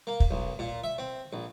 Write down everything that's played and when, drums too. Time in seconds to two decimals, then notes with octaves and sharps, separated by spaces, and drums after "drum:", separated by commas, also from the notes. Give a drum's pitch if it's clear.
0.07 A#3
0.20 drum: kick
0.31 B1
0.59 A#2
0.84 E5
0.98 C4
1.33 A#1